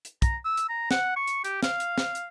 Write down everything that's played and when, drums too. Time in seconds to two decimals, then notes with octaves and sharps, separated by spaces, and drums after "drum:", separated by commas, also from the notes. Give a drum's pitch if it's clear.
0.05 drum: hi-hat
0.22 A#5, drum: kick, hi-hat
0.45 E6
0.57 drum: hi-hat
0.69 A#5
0.91 F#5, drum: snare
1.16 C#6
1.28 drum: hi-hat
1.44 G4, drum: hi-hat
1.63 F5, drum: snare
1.80 drum: hi-hat
1.98 drum: snare
2.15 drum: hi-hat